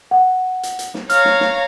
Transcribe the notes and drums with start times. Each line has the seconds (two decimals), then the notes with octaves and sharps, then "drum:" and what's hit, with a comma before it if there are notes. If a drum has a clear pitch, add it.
0.11 F#5
0.63 drum: hi-hat
0.79 drum: hi-hat
0.94 drum: snare
1.10 C#5 F5 A#5 F6, drum: hi-hat
1.25 drum: snare
1.40 drum: snare